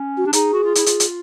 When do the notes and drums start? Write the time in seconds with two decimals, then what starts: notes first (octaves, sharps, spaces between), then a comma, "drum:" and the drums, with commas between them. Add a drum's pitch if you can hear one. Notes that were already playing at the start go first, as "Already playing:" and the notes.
Already playing: C#4
0.17 F#4
0.26 D4 G4
0.33 D#4 G#4, drum: hi-hat
0.53 F#4
0.64 F4
0.75 E4, drum: hi-hat
0.86 F4, drum: hi-hat
1.00 drum: hi-hat